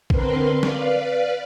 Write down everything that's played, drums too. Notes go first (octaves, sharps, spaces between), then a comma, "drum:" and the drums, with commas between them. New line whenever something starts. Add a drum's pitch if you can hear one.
D3 C4 A#4 B4 C6, drum: kick
B4 D5 F5, drum: snare